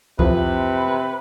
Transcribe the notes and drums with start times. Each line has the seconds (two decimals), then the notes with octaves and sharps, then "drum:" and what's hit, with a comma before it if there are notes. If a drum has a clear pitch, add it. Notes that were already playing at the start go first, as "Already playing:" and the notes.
0.19 F2 C3 E3 F3 B4, drum: kick C2